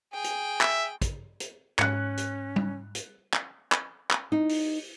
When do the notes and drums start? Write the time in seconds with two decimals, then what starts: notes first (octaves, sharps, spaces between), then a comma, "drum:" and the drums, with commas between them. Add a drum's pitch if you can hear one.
0.13 G#4 G5
0.24 drum: hi-hat
0.61 E5, drum: clap
1.02 drum: kick, hi-hat
1.40 drum: hi-hat
1.79 G#2 C#4 F#6 C#7, drum: clap
2.17 drum: hi-hat
2.56 drum: tom G3
2.95 drum: hi-hat
3.33 drum: clap
3.72 drum: clap
4.11 drum: clap
4.32 D#4
4.49 drum: open hi-hat